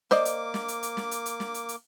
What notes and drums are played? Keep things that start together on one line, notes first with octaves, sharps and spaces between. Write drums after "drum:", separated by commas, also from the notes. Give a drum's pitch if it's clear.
A#3 C5 D5 D#5 D6, drum: snare
drum: hi-hat
drum: snare
drum: hi-hat
drum: hi-hat
drum: snare
drum: hi-hat
drum: hi-hat
drum: snare
drum: hi-hat
drum: hi-hat